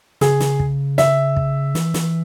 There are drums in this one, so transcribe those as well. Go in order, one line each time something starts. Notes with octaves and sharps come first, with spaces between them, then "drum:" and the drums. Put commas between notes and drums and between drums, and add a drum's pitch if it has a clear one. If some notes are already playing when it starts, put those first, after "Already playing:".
C#3 G#4, drum: snare
drum: snare
drum: kick
E5, drum: snare
drum: kick
E3, drum: snare
drum: snare